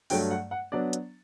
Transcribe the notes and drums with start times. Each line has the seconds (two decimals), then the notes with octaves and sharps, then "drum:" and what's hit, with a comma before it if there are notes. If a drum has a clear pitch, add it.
0.10 G2 F#3 A3 G5, drum: open hi-hat
0.31 F#5
0.51 F#5
0.72 F#3 B3 D4 D5
0.93 drum: hi-hat